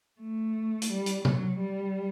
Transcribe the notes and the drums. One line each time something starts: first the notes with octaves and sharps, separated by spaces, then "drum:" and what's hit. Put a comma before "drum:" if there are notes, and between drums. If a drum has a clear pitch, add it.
A3
drum: hi-hat
G3
drum: hi-hat
F#3, drum: tom
G3